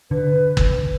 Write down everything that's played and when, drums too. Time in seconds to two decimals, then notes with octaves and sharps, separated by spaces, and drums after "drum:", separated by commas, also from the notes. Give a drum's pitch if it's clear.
0.11 D3 B4
0.57 drum: kick G1